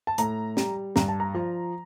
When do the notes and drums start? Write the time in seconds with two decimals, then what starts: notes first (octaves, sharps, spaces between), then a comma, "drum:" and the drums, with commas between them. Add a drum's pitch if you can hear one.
0.07 A5
0.18 A2 A#5, drum: hi-hat
0.57 G3, drum: snare
0.96 G2 A#5, drum: snare
1.08 A5
1.20 A#5
1.34 F3